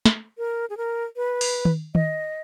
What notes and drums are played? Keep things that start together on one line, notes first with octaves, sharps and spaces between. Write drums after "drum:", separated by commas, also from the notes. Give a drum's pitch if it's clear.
drum: snare
A#4
G#4
A#4
B4
drum: open hi-hat
drum: tom D#3
D#5, drum: tom D#3